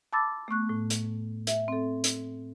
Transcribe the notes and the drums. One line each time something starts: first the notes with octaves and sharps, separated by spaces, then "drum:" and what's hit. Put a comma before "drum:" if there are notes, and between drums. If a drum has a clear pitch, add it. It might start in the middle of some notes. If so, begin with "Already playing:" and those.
A5 B5 D6 E6 A6
A3 B3 C#6 F#6
A2
drum: hi-hat
E5, drum: hi-hat
C4 A4
drum: hi-hat